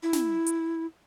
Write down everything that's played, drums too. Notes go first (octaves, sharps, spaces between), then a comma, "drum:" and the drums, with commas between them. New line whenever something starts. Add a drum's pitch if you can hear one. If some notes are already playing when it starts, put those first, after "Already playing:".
E4
drum: snare
drum: hi-hat